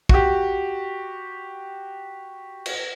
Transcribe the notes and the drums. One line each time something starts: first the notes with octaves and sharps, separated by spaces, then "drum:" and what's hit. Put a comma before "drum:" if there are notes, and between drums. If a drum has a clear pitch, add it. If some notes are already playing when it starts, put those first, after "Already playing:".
F#4 G4, drum: kick
drum: cymbal